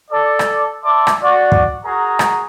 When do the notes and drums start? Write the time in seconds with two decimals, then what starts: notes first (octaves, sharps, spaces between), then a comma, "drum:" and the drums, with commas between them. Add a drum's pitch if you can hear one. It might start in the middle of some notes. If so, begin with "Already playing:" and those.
0.11 A4 D5
0.39 drum: rim click
0.84 D5 E5 A5 C6 D6
1.07 drum: rim click
1.22 F#4 D5
1.52 drum: kick
1.85 F#4 G#4 A#4 A#5
2.19 drum: rim click